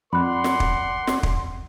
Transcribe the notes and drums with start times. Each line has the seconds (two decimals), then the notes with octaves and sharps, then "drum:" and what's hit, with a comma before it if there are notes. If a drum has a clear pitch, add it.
0.13 F2 A#4 D5 F#5 B5 C6 F#6
0.44 drum: snare
0.60 drum: kick
1.07 drum: snare
1.23 drum: kick